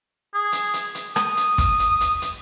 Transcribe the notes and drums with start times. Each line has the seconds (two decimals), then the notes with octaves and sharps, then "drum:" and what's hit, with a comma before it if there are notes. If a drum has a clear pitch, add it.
0.35 G#4
0.52 drum: hi-hat
0.73 drum: hi-hat
0.95 drum: hi-hat
1.16 D#6, drum: rim click
1.37 drum: hi-hat
1.58 drum: kick, hi-hat
1.79 drum: hi-hat
2.01 drum: hi-hat
2.22 drum: hi-hat